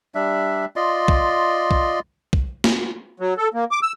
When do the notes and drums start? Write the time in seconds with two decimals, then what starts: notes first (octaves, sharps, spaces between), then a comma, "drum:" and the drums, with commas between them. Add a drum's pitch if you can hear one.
0.15 G3 D4 E5
0.76 F4 D5 D#5 C6
1.08 drum: kick
1.71 drum: kick
2.33 drum: kick
2.64 drum: snare
3.20 F#3
3.37 A4
3.54 A#3
3.71 D6
3.82 E6